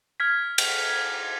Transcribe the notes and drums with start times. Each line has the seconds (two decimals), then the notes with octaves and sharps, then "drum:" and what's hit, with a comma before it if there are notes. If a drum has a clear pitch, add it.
0.20 F6 G#6 B6
0.58 drum: cymbal